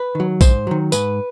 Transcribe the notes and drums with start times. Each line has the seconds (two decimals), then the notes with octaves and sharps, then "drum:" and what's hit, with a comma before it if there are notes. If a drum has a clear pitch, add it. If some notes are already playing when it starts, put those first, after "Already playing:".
Already playing: B4
0.15 D#3 F#3
0.41 G#2 C5, drum: kick A#1, tambourine
0.67 D#3 F#3
0.92 G#2 B4, drum: tambourine